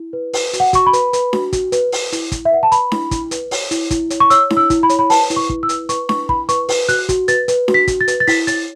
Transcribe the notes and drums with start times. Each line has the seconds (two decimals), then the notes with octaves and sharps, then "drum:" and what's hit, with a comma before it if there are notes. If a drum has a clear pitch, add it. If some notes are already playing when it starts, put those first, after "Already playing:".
Already playing: E4
0.13 B4
0.33 B4, drum: open hi-hat
0.53 F#4, drum: hi-hat
0.60 F#5
0.73 F#4 C#6, drum: kick, hi-hat
0.86 B5
0.93 B4, drum: hi-hat
1.13 B4, drum: hi-hat
1.33 F#4, drum: snare D4
1.53 F#4, drum: kick, hi-hat
1.72 B4, drum: hi-hat
1.92 B4, drum: open hi-hat
2.12 E4, drum: hi-hat
2.32 E4, drum: kick, hi-hat
2.45 E5
2.51 B4 F#5
2.63 A5
2.72 B4 B5, drum: hi-hat
2.92 E4, drum: snare D4
3.11 E4, drum: kick, hi-hat
3.31 B4, drum: hi-hat
3.51 C#5, drum: open hi-hat
3.71 E4, drum: hi-hat
3.91 E4, drum: kick, hi-hat
4.10 C#5, drum: hi-hat
4.20 C#6
4.30 C#5 E6, drum: hi-hat
4.50 E4, drum: snare D4
4.57 E6
4.70 E4, drum: kick, hi-hat
4.83 B5
4.89 C#5, drum: hi-hat
4.99 B5
5.10 B4 A5, drum: open hi-hat
5.30 E4, drum: hi-hat
5.36 C#6
5.49 E4, drum: kick
5.63 E6
5.69 B4, drum: hi-hat
5.89 B4 C#6, drum: hi-hat
6.09 E4 C#6, drum: snare D4
6.29 E4 B5, drum: kick
6.49 B4 C#6, drum: hi-hat
6.69 B4, drum: open hi-hat
6.89 F#4 F#6, drum: hi-hat
7.09 F#4, drum: kick, hi-hat
7.28 B4 A6, drum: hi-hat
7.48 B4, drum: hi-hat
7.68 F#4, drum: snare D4
7.74 B6
7.88 F#4, drum: kick, hi-hat
8.01 A6
8.08 B4, drum: hi-hat
8.20 A6
8.27 E4 B6, drum: open hi-hat
8.47 C#5 A6, drum: hi-hat